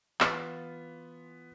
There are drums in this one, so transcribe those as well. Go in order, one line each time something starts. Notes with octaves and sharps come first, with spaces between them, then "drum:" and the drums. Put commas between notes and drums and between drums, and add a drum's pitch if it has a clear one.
E3 B3 F4 F5, drum: clap